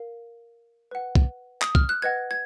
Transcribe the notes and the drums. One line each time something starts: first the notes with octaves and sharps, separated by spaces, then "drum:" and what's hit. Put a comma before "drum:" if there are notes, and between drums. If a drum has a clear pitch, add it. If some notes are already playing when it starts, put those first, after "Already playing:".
Already playing: A#4 F5
B4 F#5
drum: kick
D#6, drum: clap
F6, drum: kick
F#6
B4 D#5 F#5 G#6
G#6